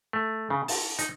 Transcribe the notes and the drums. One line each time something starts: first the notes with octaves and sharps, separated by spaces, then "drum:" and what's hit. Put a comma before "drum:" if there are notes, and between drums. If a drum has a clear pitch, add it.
A3
C#3
A5, drum: open hi-hat
D#4, drum: hi-hat